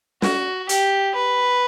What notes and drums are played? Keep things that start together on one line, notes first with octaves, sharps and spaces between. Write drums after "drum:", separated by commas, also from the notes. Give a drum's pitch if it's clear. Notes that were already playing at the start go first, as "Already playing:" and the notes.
F#4, drum: snare
G4, drum: hi-hat
B4